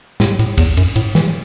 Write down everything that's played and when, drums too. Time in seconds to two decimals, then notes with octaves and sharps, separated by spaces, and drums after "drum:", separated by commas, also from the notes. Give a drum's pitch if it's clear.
0.20 A2, drum: snare
0.39 A2, drum: cymbal
0.58 E2, drum: kick, cymbal
0.77 F#2, drum: cymbal
0.96 A2, drum: cymbal
1.15 E3, drum: snare